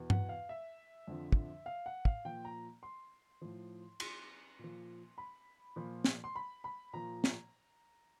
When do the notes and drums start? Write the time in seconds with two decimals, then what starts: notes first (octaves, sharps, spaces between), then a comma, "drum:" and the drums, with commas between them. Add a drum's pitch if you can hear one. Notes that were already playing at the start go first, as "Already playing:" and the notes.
Already playing: E2 B2
0.10 F#5, drum: tom G2
0.29 F5
0.49 E5
1.08 F2 D3 F3
1.32 drum: kick
1.66 F5
1.86 F#5
2.05 F5, drum: kick
2.25 A#2 F3 G5
2.45 A#5
2.83 C6
3.42 A2 F3
4.00 C6, drum: cymbal
4.59 A#2 F3
5.18 B5
5.76 A#2 F3
6.04 drum: snare
6.24 C6
6.36 B5
6.64 B5
6.93 A#2 F3 A#5
7.24 drum: snare